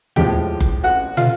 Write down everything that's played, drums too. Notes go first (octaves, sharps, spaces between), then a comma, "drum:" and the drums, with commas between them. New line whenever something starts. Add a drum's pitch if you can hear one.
A2 F3 G#3 G4 G5, drum: tom
drum: kick F#1
F#4 F#5
F4 F5, drum: tom